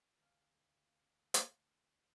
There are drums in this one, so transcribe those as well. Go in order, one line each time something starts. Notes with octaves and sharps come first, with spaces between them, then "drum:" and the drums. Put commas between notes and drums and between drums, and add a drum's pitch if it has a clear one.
D2 F5
drum: hi-hat